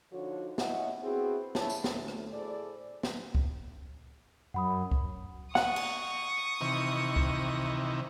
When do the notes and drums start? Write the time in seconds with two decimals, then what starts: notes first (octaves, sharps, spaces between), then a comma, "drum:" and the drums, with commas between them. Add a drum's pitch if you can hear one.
0.12 D3 F3 D4 D#4 F#4 C#5
0.58 C#4 E4 D#5 E5 F#5, drum: snare
1.03 B3 C4 E4 F#4 G#4
1.55 C2 D4 E4 F4 C#5 A5, drum: snare
1.70 drum: tambourine
1.84 D2 A2, drum: snare
2.08 drum: rim click
2.33 E4 G#4 A4 C5 D5
3.03 drum: snare
3.35 drum: kick
4.54 F#2 F#5 B5 D#6
4.91 drum: kick
5.55 F#5 C#6 D#6, drum: snare
5.76 drum: cymbal
6.61 C3 D#3 E3
7.16 drum: kick